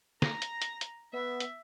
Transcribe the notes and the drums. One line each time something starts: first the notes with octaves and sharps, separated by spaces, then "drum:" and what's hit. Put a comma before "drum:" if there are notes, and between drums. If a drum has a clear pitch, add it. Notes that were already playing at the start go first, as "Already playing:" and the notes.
A#5 A#6, drum: snare
drum: hi-hat
drum: hi-hat
drum: hi-hat
B3 E5
drum: hi-hat